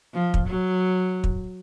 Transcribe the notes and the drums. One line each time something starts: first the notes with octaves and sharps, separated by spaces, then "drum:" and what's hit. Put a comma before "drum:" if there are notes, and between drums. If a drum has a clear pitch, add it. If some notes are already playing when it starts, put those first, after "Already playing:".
F3
drum: kick
F#3
drum: kick